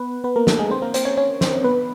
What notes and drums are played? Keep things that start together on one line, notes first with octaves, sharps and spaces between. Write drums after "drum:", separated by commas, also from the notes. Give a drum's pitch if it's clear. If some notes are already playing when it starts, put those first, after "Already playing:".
Already playing: B3 B4
B3 B4
A#3 A#4
A3 A4, drum: snare
G#3 G#4
C4 C5
A#3 A#4
C4 C5, drum: hi-hat
C#4 C#5
C#4 C#5
C4 C5, drum: snare
B3 B4